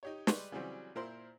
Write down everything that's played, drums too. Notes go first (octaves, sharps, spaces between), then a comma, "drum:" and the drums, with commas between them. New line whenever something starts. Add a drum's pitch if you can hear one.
D#4 G4 C#5
G3 G#3 B4 C6 C#6, drum: snare
C#3 E3 F#3 G3 C4 C#4
A#2 E4 A#4 C5 A#5 C6